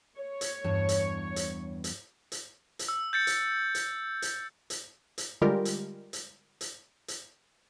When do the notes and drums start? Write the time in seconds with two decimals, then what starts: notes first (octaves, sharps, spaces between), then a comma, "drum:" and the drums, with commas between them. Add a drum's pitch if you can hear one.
0.19 C#5
0.41 drum: hi-hat
0.64 E2 G2 A5
0.89 drum: hi-hat
1.36 drum: hi-hat
1.84 drum: hi-hat
2.32 drum: hi-hat
2.79 drum: hi-hat
2.88 E6
3.13 G6 A6 C#7
3.27 drum: hi-hat
3.75 drum: hi-hat
4.22 drum: hi-hat
4.70 drum: hi-hat
5.18 drum: hi-hat
5.41 D3 G3 G#3 F4 G4 A#4
5.65 drum: hi-hat
6.13 drum: hi-hat
6.61 drum: hi-hat
7.08 drum: hi-hat